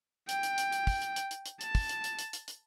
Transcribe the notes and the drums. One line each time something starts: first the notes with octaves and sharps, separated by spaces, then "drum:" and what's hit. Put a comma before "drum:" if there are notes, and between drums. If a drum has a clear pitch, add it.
G5, drum: hi-hat
drum: hi-hat
drum: hi-hat
drum: hi-hat
drum: kick, open hi-hat
drum: hi-hat
drum: hi-hat
drum: hi-hat
drum: hi-hat
A5, drum: hi-hat
drum: kick, open hi-hat
drum: hi-hat
drum: hi-hat
drum: hi-hat
drum: hi-hat
drum: hi-hat